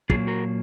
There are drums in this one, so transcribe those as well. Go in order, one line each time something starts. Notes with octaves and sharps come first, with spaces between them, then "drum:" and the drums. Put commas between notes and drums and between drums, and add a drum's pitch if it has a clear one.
A#2 F#3 A#3 F4 G#4, drum: kick
F#4 A#4